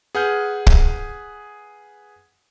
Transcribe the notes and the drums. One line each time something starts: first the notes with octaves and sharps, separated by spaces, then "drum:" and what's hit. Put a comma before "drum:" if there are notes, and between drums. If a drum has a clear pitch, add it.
G#4 B4 F#5 G#5 F6 G6
drum: kick